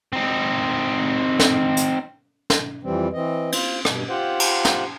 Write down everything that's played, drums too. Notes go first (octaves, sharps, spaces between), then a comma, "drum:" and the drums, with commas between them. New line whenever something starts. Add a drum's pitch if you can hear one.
C4 D#4
drum: snare
drum: hi-hat
drum: snare
F2 E3 G3 C4
E3 C4 D#5
F4 C5, drum: cymbal
G2 B2, drum: rim click
F4 G4 C5 F#5
drum: cymbal
drum: snare